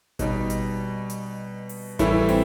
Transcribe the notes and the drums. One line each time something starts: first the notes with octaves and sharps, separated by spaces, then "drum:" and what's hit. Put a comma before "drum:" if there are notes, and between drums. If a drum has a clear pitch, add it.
B2 G3 D#4, drum: kick G#1, hi-hat
drum: hi-hat
drum: hi-hat
drum: open hi-hat
A2 E3 G3 E4, drum: kick G#1, hi-hat
C4, drum: open hi-hat